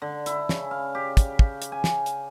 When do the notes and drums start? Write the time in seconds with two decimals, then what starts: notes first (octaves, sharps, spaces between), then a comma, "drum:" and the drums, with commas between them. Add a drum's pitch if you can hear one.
0.02 D3
0.26 E4, drum: hi-hat
0.49 C#3, drum: snare
0.71 F5
0.95 G4
1.17 drum: kick, hi-hat
1.39 drum: kick
1.62 drum: hi-hat
1.72 G#5
1.84 drum: snare
2.06 drum: hi-hat